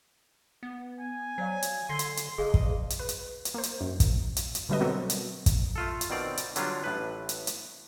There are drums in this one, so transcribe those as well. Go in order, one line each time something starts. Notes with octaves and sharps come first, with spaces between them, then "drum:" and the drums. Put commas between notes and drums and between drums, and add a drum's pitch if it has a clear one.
B3
G#5
F#3 C5 D5 F5
drum: hi-hat
D3 C6
drum: hi-hat
drum: hi-hat
F#1 G#4 D#5 F5
drum: kick
drum: hi-hat
B4
drum: hi-hat
drum: hi-hat
A#3 C5
drum: hi-hat
F#2
drum: kick, hi-hat
drum: hi-hat
drum: hi-hat
B2 D3 G3 A3 B4 D#5
F#3 B3 C4 F#4 A4 A#4
drum: hi-hat
drum: kick, hi-hat
A3 F4 A4
drum: hi-hat
B2 D#3 C4 D5 F5
drum: hi-hat
D3 F#3 G3 D4 F4, drum: hi-hat
A1 A2 B4
drum: hi-hat
drum: hi-hat